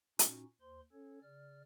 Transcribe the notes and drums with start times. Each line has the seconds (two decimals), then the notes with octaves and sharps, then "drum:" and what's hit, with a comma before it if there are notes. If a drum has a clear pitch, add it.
0.19 A#2 C#4 D#4 F#4, drum: hi-hat
0.61 D#2 C5 C6
0.92 C#4 A4 C#5
1.23 C#3 D5 F6